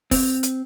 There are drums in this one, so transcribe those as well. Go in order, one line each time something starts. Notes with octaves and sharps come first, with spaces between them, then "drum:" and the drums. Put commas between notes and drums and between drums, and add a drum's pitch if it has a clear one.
C4, drum: kick, open hi-hat
drum: hi-hat